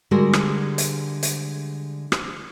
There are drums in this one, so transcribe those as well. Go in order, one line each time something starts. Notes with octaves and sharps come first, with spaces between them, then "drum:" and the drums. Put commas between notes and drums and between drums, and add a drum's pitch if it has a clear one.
D3 G3 G#3 F#4 G#4 A#4
drum: rim click
drum: hi-hat
drum: hi-hat
drum: rim click